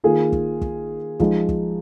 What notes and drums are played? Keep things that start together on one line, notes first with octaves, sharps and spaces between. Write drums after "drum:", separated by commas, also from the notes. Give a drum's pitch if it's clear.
D#3 A#3 F4 G#4
drum: kick
drum: kick
F3 G#3 D#4, drum: kick
drum: kick